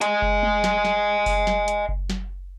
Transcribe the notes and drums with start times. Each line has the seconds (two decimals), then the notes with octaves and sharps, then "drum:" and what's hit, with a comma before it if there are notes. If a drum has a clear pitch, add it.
0.01 D#5 G#5, drum: hi-hat
0.22 drum: kick F#1
0.43 drum: tom G#3
0.64 drum: snare
0.85 drum: snare
1.26 drum: kick F#1, open hi-hat
1.47 drum: snare
1.68 drum: hi-hat
1.89 drum: kick F#1
2.10 drum: snare